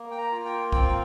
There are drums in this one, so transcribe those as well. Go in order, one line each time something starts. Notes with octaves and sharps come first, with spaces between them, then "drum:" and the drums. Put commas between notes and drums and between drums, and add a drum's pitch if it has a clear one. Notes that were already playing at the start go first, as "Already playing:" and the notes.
Already playing: A#3
G5
A#5
F4
G5
C4 G5, drum: kick B1
G5